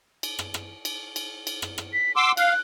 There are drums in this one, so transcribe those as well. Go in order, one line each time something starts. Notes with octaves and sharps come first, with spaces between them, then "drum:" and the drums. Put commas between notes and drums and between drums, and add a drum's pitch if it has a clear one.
drum: cymbal
drum: rim click
drum: rim click
drum: cymbal
drum: cymbal
drum: cymbal
drum: rim click
drum: rim click
B6
F#5 C6 D6 E6
F5 F#6, drum: cymbal